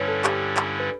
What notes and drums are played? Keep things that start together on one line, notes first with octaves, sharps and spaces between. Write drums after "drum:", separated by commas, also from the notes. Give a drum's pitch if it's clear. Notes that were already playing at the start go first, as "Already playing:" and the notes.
Already playing: G2 D3 G3 C#4 E4 B4 C#5
A4
G4, drum: clap
drum: clap
B4